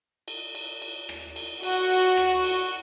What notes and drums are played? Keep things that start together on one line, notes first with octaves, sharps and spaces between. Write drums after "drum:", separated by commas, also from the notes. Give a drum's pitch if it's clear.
drum: cymbal
drum: cymbal
drum: cymbal
drum: rim click
drum: cymbal
F#4, drum: cymbal
drum: cymbal
drum: rim click
drum: cymbal